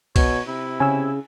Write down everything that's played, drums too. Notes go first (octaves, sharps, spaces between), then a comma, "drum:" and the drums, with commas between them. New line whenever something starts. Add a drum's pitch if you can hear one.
B2 C#5, drum: kick C2, cymbal
C3 E4
C#3 G#5 E6